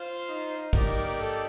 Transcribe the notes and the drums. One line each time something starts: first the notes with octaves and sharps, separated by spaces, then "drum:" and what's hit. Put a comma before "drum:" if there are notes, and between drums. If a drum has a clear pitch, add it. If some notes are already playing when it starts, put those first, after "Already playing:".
Already playing: F4 C5 F5
D#4
A#3 D#4 G4 A#4 D5, drum: kick
drum: open hi-hat
A4